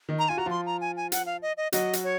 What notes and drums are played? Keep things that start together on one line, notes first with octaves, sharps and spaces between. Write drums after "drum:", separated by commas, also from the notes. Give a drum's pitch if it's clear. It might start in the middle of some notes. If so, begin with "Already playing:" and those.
D#3 D#4
A#5
F4 G#5
F#4 A#5
F3 F4 C6
A#5
G#5
G#5
F#5, drum: hi-hat
F5
D#5
D#5
F#3 F#4 D#5, drum: hi-hat
drum: hi-hat
C#5